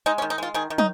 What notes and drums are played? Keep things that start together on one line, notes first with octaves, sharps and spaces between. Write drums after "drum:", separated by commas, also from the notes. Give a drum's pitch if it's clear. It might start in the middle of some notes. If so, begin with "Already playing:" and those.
G#3 D#4
C#4
D#3
D#4
G#3 F4
D#3 G#4
D#3
D#4, drum: tom